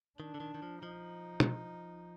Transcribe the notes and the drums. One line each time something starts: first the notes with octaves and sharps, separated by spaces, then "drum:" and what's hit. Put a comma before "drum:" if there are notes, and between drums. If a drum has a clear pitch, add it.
D#3 D4
D3
D#3
D#3
F3
F3 D#4
drum: tom